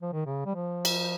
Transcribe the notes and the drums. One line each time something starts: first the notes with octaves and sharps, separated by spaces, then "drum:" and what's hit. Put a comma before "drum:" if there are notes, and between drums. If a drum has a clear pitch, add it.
F3
D#3
C#3
G3
F3
drum: cymbal